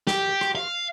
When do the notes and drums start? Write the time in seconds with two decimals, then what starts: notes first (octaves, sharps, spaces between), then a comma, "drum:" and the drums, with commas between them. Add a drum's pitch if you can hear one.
0.07 G4, drum: snare
0.41 drum: rim click
0.55 F5